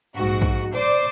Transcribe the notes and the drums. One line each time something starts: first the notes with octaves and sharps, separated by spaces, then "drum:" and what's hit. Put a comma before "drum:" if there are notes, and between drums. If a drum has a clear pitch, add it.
A#1 G#2 F#4
drum: kick
C5 D5 D6